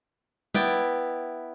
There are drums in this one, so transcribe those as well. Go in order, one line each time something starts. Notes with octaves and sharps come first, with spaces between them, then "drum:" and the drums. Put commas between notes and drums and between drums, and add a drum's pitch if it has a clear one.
B3 E4 D5 G5, drum: tom G3